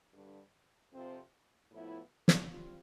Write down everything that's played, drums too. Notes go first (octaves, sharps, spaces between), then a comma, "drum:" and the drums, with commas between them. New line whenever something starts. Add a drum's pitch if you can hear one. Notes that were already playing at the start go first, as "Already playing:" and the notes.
G2 D3 G3 D4
F2 C3 F3 C4
A2 F3 B3 E4
drum: snare
G3 C4 F4